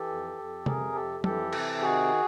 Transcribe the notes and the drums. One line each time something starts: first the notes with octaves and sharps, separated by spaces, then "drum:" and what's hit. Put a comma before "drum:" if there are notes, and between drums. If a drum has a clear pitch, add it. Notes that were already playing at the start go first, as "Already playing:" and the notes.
Already playing: E3 G4 A4
F2
F2
C3 G#4 A#4, drum: tom C3
F2 G4 A4
E3 G4 A4, drum: tom
C3, drum: cymbal
D#3 F#4 G#4